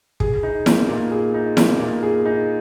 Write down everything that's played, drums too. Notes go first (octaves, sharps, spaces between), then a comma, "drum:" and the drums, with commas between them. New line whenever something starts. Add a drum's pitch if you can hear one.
G#4, drum: kick
D#4
A#3, drum: snare E4
A#2
G#4
D#4
A#3, drum: snare E4
A#2
G#4
D#4